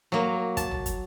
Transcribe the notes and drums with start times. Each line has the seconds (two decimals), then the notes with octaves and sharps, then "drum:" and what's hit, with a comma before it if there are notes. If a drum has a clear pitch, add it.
0.12 F#3 A#3
0.57 A5, drum: kick, hi-hat
0.71 drum: tom A1
0.86 drum: kick, hi-hat